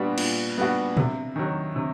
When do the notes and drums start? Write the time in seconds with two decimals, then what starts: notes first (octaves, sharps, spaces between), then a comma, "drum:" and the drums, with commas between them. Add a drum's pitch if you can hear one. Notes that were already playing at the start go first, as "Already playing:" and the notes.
Already playing: A#2 G3 B3 D4 F#4
0.18 A#2, drum: cymbal
0.58 G3 B3 D4 F#4
0.97 C3, drum: tom A#2
1.36 D#3 F#3
1.76 C3